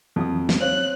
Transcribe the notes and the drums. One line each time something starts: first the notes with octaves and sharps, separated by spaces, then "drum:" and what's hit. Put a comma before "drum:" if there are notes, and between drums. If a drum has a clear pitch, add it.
F2 E3 F#3 D#6
drum: snare
C4 C5 C#5 F5 F#6